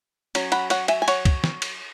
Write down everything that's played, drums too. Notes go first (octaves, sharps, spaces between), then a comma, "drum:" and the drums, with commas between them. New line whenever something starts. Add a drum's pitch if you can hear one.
F#3 C#4, drum: cymbal
F#5 B5, drum: cymbal
C#5 F#5, drum: cymbal
E5 G#5, drum: cymbal
G#5
C#5 F#5, drum: cymbal
drum: kick, cymbal
drum: snare
drum: cymbal